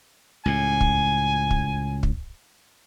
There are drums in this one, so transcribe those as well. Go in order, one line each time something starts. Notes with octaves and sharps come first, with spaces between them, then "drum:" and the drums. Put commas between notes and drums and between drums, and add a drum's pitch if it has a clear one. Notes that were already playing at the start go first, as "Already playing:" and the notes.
C#2 A2 G#5
drum: kick
drum: kick
drum: kick